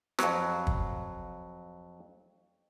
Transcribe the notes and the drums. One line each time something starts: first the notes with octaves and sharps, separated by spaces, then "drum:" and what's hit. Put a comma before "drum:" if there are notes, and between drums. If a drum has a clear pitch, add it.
F2 F#3, drum: rim click
drum: kick